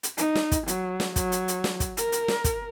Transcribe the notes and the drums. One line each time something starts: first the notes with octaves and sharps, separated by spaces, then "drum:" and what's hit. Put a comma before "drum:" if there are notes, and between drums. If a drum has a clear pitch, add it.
drum: hi-hat
D#4, drum: hi-hat
drum: snare
drum: kick, hi-hat
F#3, drum: hi-hat
drum: snare
F#3, drum: kick, hi-hat
drum: hi-hat
drum: hi-hat
drum: snare
drum: kick, hi-hat
A#4, drum: hi-hat
drum: hi-hat
drum: snare
drum: kick, hi-hat